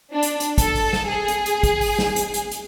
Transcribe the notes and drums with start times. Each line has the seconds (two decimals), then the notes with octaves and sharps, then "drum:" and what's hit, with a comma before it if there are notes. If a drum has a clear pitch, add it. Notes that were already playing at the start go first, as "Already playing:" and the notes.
0.13 D4
0.23 drum: hi-hat
0.40 drum: hi-hat
0.58 A4, drum: kick, hi-hat
0.75 drum: open hi-hat
0.93 drum: snare
1.07 G#4
1.28 drum: hi-hat
1.46 drum: hi-hat
1.63 drum: kick, hi-hat
1.81 drum: open hi-hat
1.99 drum: snare
2.16 drum: hi-hat
2.34 drum: hi-hat
2.51 drum: hi-hat